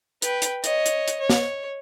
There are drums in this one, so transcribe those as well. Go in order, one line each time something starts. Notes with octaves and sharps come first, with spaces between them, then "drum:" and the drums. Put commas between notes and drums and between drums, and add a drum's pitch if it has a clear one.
B4 G5, drum: hi-hat
drum: hi-hat
C#5 D#5, drum: hi-hat
drum: hi-hat
drum: hi-hat
C#5
drum: snare